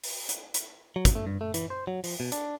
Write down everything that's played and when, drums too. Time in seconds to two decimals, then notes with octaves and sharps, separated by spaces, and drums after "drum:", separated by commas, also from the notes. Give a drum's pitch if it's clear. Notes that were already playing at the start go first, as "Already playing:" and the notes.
0.04 drum: open hi-hat
0.29 drum: hi-hat
0.54 drum: hi-hat
0.96 F#3
1.05 drum: kick, hi-hat
1.15 A3
1.27 G2
1.41 A3
1.54 E3, drum: hi-hat
1.70 C5
1.87 F#3
2.04 F3, drum: open hi-hat
2.20 B2
2.32 D4, drum: hi-hat